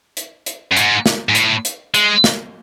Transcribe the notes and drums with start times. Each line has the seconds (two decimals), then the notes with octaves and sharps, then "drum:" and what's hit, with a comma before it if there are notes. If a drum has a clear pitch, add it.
0.17 drum: hi-hat
0.46 drum: hi-hat
0.71 F#2
0.77 G#2, drum: hi-hat
1.06 drum: snare
1.29 G#2
1.35 A2, drum: hi-hat
1.65 drum: hi-hat
1.94 G#3, drum: hi-hat
2.24 drum: snare